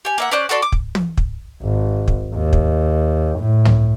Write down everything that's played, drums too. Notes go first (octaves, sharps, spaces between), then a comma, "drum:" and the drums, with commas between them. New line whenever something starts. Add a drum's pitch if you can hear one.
G4 G#5
A#3 E5 F#5
C#4 C5 D5 F#6
F#4 A4 D5 C6
D6
drum: kick
drum: tom
drum: kick
G#1
drum: kick
D#2
drum: kick
A2
drum: tom